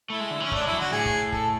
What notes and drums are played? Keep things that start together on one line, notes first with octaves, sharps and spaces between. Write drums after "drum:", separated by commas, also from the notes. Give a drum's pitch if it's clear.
A3 E4
G#3
D3
E3 C#4
A3 D4, drum: kick
G#3
E4
F#3
D3 F#4
A2 G#4
drum: kick
A4, drum: kick